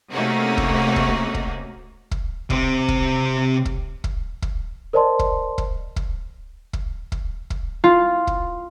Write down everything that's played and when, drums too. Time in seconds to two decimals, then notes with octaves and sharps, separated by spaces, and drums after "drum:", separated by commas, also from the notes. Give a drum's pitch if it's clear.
0.13 C3 A3 A#3 C#4 D#4 F#4
0.57 drum: kick
0.96 drum: kick
1.34 drum: kick
2.11 drum: kick
2.50 C3 C4, drum: kick
2.88 drum: kick
3.65 drum: kick
4.04 drum: kick
4.42 drum: kick
4.93 A#4 C5 D5 D#5 A5 C6
5.19 drum: kick
5.58 drum: kick
5.96 drum: kick
6.73 drum: kick
7.12 drum: kick
7.50 drum: kick
7.84 F4
8.27 drum: kick